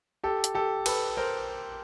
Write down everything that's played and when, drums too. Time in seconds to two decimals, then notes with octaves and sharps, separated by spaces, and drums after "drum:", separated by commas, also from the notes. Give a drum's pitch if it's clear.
0.24 G4 A4
0.44 drum: hi-hat
0.55 G4 A4
0.86 A4 B4, drum: cymbal
1.17 A#4 C5